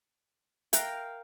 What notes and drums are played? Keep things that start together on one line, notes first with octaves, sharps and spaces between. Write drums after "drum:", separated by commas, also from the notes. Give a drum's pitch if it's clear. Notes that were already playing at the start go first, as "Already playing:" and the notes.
A#4 E5 F5 G5 F#6, drum: hi-hat